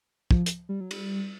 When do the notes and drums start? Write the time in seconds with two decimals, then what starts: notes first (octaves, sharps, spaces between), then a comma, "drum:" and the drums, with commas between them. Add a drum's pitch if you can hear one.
0.31 F3, drum: kick
0.46 drum: hi-hat
0.69 G3
0.81 F#3
0.91 G3, drum: cymbal